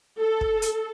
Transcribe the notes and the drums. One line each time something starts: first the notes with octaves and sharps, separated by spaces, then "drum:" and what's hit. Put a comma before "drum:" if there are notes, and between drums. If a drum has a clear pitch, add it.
A4
drum: kick
drum: hi-hat